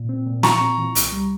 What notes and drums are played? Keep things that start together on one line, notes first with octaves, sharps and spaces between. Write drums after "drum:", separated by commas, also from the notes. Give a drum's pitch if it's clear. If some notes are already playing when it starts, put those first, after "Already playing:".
Already playing: A#2
C4
A#2
F4 A#5 C#6, drum: snare
C4
E3
C2, drum: hi-hat
G3